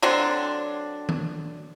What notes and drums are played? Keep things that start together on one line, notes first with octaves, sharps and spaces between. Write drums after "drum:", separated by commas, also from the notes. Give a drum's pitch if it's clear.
D3 F#3 C4 D4
drum: tom D#3